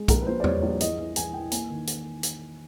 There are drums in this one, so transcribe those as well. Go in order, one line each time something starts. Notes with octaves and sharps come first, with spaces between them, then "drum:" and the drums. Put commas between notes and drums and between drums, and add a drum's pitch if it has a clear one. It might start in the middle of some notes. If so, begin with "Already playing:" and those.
Already playing: G#3
A#1 A#4, drum: kick, hi-hat
B4
A#2 C5
D5
G3 C#5, drum: tom E2
A#1 D5
E2 D#5, drum: hi-hat
E3
E2 G#5, drum: hi-hat
E3 G5
A#3 G#5, drum: hi-hat
D#3
drum: hi-hat
drum: hi-hat